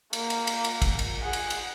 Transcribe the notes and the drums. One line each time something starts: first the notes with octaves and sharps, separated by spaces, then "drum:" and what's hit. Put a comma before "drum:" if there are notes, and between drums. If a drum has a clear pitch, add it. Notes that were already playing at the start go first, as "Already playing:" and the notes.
A#3, drum: cymbal
drum: cymbal
drum: cymbal
drum: cymbal
drum: kick, cymbal
drum: cymbal
G#4 F#5
drum: cymbal
drum: cymbal